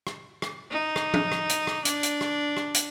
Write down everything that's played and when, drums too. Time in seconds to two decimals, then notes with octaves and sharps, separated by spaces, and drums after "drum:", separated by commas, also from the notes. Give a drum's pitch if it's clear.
0.07 drum: rim click
0.42 drum: rim click
0.70 D#4
0.96 drum: rim click
1.14 drum: tom
1.32 drum: rim click
1.49 drum: hi-hat
1.67 drum: rim click
1.85 D4, drum: hi-hat
2.03 drum: hi-hat
2.21 drum: rim click
2.57 drum: rim click
2.74 drum: hi-hat